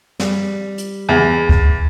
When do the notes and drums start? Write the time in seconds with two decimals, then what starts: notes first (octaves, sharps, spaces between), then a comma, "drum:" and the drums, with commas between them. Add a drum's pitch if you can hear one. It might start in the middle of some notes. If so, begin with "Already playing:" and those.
0.20 G3, drum: snare
0.78 drum: hi-hat
1.09 E2
1.49 drum: kick D2